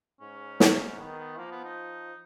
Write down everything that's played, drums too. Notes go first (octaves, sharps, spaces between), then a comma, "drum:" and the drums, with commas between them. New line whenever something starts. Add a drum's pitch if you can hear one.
G#2 C#4
drum: snare
D#3 B3
B3
F3 A#3
B3
D#4